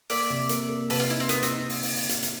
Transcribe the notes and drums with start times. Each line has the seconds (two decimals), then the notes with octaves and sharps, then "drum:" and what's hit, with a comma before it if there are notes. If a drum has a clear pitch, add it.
0.10 A#3 D5 E5, drum: open hi-hat
0.30 C3
0.49 A#3, drum: hi-hat
0.69 A#3
0.90 C3 A4 B4, drum: open hi-hat
1.00 F4
1.10 D#4 E4
1.20 C4
1.29 A#3 B3, drum: hi-hat
1.43 C4, drum: hi-hat
1.50 D#4
1.69 drum: open hi-hat
1.83 drum: open hi-hat
1.96 drum: open hi-hat
2.09 drum: hi-hat
2.23 drum: hi-hat